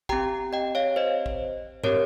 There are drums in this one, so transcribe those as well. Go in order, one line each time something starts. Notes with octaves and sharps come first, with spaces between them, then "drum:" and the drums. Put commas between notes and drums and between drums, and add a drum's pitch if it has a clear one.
C4 G4 G5 A#5, drum: kick
D#5 G5
C#5 F5
C5 D#5
drum: kick
C4 G4 A#4 C#5, drum: tom